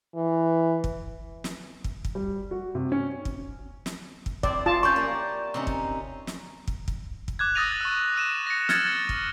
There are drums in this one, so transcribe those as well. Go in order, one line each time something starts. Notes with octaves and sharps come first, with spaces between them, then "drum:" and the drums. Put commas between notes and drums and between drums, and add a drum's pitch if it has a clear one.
E3
drum: kick
drum: snare
drum: kick
drum: kick
G3
F#4
C3
C#4
drum: kick
drum: snare
drum: kick
C4 E4 D5, drum: kick
F4 A5
C#4 G4 D5 C#6 G6
A#3 D5
C3 C#4 D#4
drum: kick
drum: snare
drum: kick
drum: kick
drum: kick
D6 F#6 G#6
D#6 E6 A6 A#6 D#7 F7
C#6 E6
E6 D#7 E7
A#6 C#7
E6 F6 G#6 A6 C#7, drum: snare
drum: kick